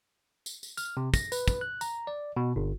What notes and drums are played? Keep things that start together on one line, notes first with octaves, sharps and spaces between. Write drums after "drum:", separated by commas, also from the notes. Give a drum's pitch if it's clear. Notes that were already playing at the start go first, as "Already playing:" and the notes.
drum: tambourine
drum: tambourine
F6, drum: tambourine
C3
A#6, drum: kick, tambourine
B4, drum: tambourine
drum: kick, tambourine
F#6
A#5, drum: tambourine
D5
B2
G1